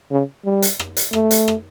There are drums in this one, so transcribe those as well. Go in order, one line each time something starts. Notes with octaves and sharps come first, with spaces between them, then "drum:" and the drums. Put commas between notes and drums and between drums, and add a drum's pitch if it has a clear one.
C#3
G3
drum: hi-hat
drum: rim click
drum: hi-hat
A3, drum: rim click
drum: hi-hat
drum: rim click